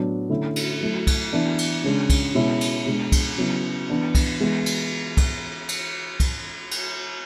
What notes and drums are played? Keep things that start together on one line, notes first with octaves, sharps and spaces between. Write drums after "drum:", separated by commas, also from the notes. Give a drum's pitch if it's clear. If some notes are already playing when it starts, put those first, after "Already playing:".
Already playing: A2 F#3 B3 D4
D3 A3 C#4 E4
drum: cymbal
F#3 A3 E4
drum: kick C2, cymbal
E3 B3 D4
drum: cymbal
C#3 G#3 D4
drum: kick C2, cymbal
B2 G#3 C#4 E4
drum: cymbal
B2 G#3 D4
drum: kick C2, cymbal
C#3 F#3 B3 E4
E3 B3 D4
drum: kick C2, cymbal
E3 G#3 B3 E4
drum: cymbal
drum: kick C2, cymbal
drum: cymbal
drum: kick C2, cymbal
drum: cymbal